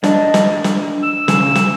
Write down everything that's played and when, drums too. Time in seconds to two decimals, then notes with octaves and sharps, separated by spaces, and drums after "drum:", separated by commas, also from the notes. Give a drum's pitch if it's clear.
0.04 D4 D#5, drum: snare
0.34 drum: snare
0.64 drum: snare
1.03 E6
1.28 C#3, drum: snare
1.55 drum: snare